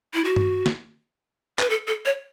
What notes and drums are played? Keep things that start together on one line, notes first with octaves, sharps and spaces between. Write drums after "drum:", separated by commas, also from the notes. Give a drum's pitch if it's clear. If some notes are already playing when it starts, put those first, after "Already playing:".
E4
F#4
drum: tom G2
drum: snare
B4, drum: clap
A4
A4
C#5